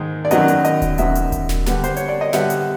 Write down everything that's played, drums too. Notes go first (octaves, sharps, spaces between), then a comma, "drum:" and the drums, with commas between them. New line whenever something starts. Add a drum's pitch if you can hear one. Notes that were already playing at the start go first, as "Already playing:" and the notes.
Already playing: G#2 D#3 G#3
D5
F#2 D#3 F#3 B3 D#5, drum: hi-hat
drum: hi-hat
D#5, drum: hi-hat
drum: kick D#1, hi-hat
F#2 D#3 F#3 B3 E5, drum: hi-hat
drum: hi-hat
drum: kick D#1, hi-hat
drum: snare
D3 G3 B3, drum: snare
C5, drum: hi-hat
C#5, drum: hi-hat
D5
D#5
D3 G3 B3 E5, drum: snare
drum: hi-hat